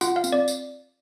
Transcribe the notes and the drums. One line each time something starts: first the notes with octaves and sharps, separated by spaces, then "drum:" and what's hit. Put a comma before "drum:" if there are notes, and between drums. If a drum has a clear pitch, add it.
F4 F#5, drum: tambourine
F5
C4, drum: tambourine
D5
drum: tambourine